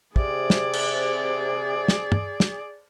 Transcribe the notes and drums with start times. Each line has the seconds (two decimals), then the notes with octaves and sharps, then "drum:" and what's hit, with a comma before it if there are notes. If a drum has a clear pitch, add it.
0.16 C3 G#4 D5, drum: kick
0.50 drum: snare
0.73 drum: cymbal
1.88 drum: snare
2.12 drum: tom
2.40 drum: snare